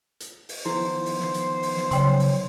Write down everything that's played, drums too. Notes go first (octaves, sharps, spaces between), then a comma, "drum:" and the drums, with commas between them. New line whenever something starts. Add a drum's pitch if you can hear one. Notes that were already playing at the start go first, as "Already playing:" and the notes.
drum: hi-hat
drum: open hi-hat
D#3 F3 B3 E4 C5, drum: snare
drum: open hi-hat
drum: snare
drum: hi-hat
drum: open hi-hat
drum: snare
C#3 F#3 C#5 G5 C6, drum: hi-hat
drum: open hi-hat